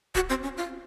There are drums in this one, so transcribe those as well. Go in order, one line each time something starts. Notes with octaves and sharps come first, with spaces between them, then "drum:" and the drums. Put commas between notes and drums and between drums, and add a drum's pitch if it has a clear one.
F#4, drum: kick D1
C4
C#4
F4